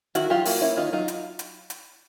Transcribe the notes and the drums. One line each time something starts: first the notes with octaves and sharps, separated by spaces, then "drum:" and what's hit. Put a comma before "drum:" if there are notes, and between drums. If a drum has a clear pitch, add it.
D#3 E4 F#4, drum: hi-hat
F#3 F4 G4
A#3 E4 F#4, drum: open hi-hat
C#4 E4
D#3 D#4 F4
F#3 D#4 F4
drum: hi-hat
drum: hi-hat
drum: hi-hat